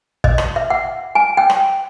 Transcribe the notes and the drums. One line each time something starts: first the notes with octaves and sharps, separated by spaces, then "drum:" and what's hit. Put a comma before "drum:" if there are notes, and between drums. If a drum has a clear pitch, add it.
D#5, drum: kick
drum: rim click
E5
F#5
G#5
G5
drum: rim click